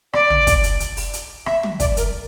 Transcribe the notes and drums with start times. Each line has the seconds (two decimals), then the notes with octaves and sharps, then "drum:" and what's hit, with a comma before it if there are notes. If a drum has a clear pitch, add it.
0.13 D5, drum: rim click
0.30 drum: tom
0.47 drum: kick, hi-hat
0.64 drum: hi-hat
0.80 drum: hi-hat
0.97 drum: open hi-hat
1.13 drum: hi-hat
1.46 E5, drum: rim click
1.63 drum: tom
1.80 D5, drum: kick, hi-hat
1.97 A#4, drum: hi-hat